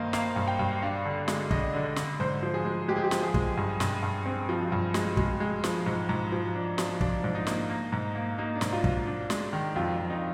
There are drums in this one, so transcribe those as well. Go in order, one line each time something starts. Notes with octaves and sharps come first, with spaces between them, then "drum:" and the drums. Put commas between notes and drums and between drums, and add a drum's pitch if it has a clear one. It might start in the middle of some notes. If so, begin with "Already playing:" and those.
Already playing: G2 D#3 A#3 C5 D#5
A#3 F5, drum: snare
G2
G5
G2
D4 F5
D3
G#3, drum: snare
D4 D#5, drum: kick
D3
D5
D3, drum: snare
G#2 C5
F3
G#4
G#3
G#3 G4
G#4
G4
F3, drum: snare
G#4
G#3, drum: kick
G2
G2, drum: snare
G2
C4
F3
G2
G#3, drum: snare
G#3, drum: kick
G#3
F3, drum: snare
G#2
G#2
F3
D4
F3, drum: snare
F3 D4, drum: kick
G#2
D#4
A#3, drum: snare
A#3
G#2
A#3
A#3 D#4
D4
G#2, drum: snare
F4
G#2, drum: kick
D4
G#3, drum: snare
D#3
F2 F4
F2
D#4